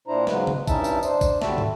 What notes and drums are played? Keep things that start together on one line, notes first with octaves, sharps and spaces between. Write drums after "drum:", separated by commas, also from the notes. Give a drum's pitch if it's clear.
A#2 D4 E4 C5 A#5
G#2 C#3 F#3 G#3 B4, drum: snare
drum: tom C#3
G2 C#4 D#4 E4 E5 A5, drum: kick, tambourine
drum: tambourine
D4 C5, drum: tambourine
drum: kick, tambourine
D#2 D3 G3 F#4 E5 A5, drum: snare
drum: tom